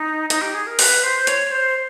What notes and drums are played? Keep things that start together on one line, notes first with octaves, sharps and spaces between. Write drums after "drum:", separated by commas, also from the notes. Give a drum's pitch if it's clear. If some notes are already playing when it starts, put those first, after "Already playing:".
Already playing: D#4
D#4, drum: hi-hat
G4
G#4
A#4
B4, drum: open hi-hat
C5
C#5, drum: hi-hat
C5